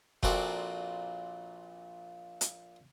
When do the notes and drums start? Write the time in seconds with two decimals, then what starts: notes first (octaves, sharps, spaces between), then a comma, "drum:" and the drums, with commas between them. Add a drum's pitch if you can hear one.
0.23 A#1 A#2 C4 F#4 A4 D5, drum: kick F1
2.41 drum: hi-hat